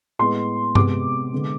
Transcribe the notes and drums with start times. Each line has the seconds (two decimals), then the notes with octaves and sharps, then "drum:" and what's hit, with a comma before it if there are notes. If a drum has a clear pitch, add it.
0.19 A2 G#3 B3 C6
0.75 C3 G#3 B3 D6, drum: tom G2
1.33 D3 G#3 B3